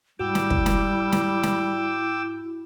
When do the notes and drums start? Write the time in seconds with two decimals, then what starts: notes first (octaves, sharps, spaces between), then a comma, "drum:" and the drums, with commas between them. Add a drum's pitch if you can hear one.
0.19 G#2 G3 E4 F#4 G5 D6 E6
0.35 drum: snare
0.50 drum: kick
0.66 drum: snare
1.12 drum: snare
1.43 drum: snare